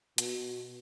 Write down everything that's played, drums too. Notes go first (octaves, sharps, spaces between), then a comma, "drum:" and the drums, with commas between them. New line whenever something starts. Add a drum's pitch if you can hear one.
B2, drum: hi-hat